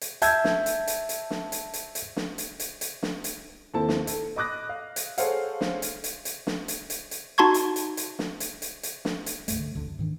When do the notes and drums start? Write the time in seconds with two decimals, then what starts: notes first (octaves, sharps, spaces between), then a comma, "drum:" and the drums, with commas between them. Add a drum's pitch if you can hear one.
0.01 drum: hi-hat
0.22 E5 A5 E6 G6 G#6, drum: hi-hat
0.44 drum: snare
0.66 drum: hi-hat
0.87 drum: hi-hat
1.09 drum: hi-hat
1.30 drum: snare
1.52 drum: hi-hat
1.74 drum: hi-hat
1.95 drum: hi-hat
2.17 drum: snare
2.38 drum: hi-hat
2.60 drum: hi-hat
2.81 drum: hi-hat
3.03 drum: snare
3.24 drum: hi-hat
3.74 D#2 C4 E4 A4 A5
3.89 drum: snare
4.07 A4, drum: hi-hat
4.36 D#5 B5 D6 D#6 F#6 A#6
4.69 F5
4.96 drum: hi-hat
5.18 G#4 A4 C5 C#5 F5 F#5, drum: hi-hat
5.61 drum: snare
5.82 drum: hi-hat
6.04 drum: hi-hat
6.25 drum: hi-hat
6.47 drum: snare
6.68 drum: hi-hat
6.90 drum: hi-hat
7.11 drum: hi-hat
7.38 D#4 F#4 A5 C6 C#6 G#6
7.54 drum: hi-hat
7.76 drum: hi-hat
7.97 drum: hi-hat
8.19 drum: snare
8.40 drum: hi-hat
8.62 drum: hi-hat
8.83 drum: hi-hat
9.05 drum: snare
9.26 drum: hi-hat
9.48 C#2 G2 A3, drum: hi-hat
9.60 D3
9.75 A1 D2 D3
9.87 F#2
9.99 G#2 D#3 E3 D4